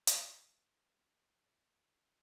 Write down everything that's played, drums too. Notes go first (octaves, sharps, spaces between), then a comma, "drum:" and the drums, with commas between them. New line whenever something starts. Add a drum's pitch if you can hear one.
drum: hi-hat
C4 A#4
G#4